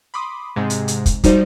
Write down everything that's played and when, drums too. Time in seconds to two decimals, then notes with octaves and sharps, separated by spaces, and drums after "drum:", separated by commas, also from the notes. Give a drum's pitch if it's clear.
0.14 B5 C6 D6 D#6
0.56 G#2 C3 G#3
0.70 drum: hi-hat
0.88 drum: hi-hat
1.06 drum: kick, hi-hat
1.24 F3 G3 D#4 F#4 C5 D5, drum: kick, hi-hat